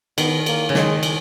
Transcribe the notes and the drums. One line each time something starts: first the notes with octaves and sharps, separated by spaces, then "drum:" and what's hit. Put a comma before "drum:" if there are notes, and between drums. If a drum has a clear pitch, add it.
D#3 B3, drum: cymbal
A#3, drum: cymbal
C#3
D#3 G#3, drum: snare
drum: cymbal